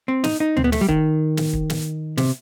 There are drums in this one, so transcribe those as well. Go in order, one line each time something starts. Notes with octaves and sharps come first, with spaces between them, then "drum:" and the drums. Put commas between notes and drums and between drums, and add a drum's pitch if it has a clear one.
C4
D#4, drum: snare
D#4
C4, drum: tom D2
B3
A3, drum: snare
G3
D#3, drum: kick
drum: snare
drum: kick
drum: snare
C3, drum: snare